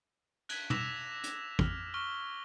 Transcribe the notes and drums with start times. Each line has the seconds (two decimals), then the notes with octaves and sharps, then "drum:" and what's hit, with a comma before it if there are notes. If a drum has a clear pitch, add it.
0.49 F#6 G#6 B6, drum: cymbal
0.70 D6 E6 A#6 B6 E7 F7, drum: tom
1.24 drum: hi-hat
1.59 F6, drum: kick
1.94 C#6 F6 G7